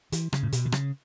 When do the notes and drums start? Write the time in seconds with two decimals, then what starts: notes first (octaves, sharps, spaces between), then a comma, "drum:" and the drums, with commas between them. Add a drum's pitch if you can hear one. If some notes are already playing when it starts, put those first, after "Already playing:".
0.12 E3, drum: hi-hat
0.33 C#3, drum: rim click
0.43 A2
0.52 B2, drum: hi-hat
0.65 D#3
0.72 C#3, drum: rim click